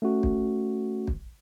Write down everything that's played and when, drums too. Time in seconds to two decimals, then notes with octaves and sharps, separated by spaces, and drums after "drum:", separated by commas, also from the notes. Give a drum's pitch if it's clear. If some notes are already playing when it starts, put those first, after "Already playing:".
0.02 A3 C#4 F#4
0.23 drum: kick
1.07 drum: kick